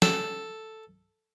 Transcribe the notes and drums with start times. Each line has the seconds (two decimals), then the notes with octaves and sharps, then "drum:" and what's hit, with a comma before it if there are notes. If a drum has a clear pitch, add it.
0.02 A4, drum: snare